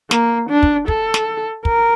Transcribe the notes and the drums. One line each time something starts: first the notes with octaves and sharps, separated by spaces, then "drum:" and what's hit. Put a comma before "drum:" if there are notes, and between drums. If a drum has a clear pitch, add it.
A#3, drum: snare
D4
drum: kick
A4, drum: kick
drum: snare
A#4, drum: kick